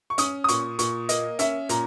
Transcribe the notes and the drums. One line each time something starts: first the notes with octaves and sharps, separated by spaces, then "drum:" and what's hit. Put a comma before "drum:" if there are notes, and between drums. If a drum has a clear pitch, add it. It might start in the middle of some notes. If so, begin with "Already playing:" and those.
C#6
C#4 D#6, drum: hi-hat
D#6
A#2 C#6, drum: hi-hat
A#2 C#6, drum: hi-hat
A#3 D#5, drum: hi-hat
C#4 E5, drum: hi-hat
A#2 A#5, drum: hi-hat